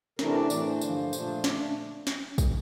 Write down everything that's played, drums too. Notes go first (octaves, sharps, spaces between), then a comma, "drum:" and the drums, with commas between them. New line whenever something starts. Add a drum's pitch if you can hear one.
C3 E3 A3 D4 A#4, drum: snare
D5
A2 E3 A3 D4 D5, drum: tambourine
C5
G2 D3 F3 A#3, drum: tambourine
A#2 F3 A3 D4, drum: tambourine
D3 A3 D4 D5, drum: snare
drum: snare
drum: kick, tambourine